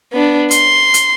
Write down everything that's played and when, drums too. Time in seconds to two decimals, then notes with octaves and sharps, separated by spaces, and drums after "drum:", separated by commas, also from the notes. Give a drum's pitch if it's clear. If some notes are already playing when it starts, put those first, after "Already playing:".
0.12 B3 D4
0.51 C6, drum: hi-hat
0.94 drum: hi-hat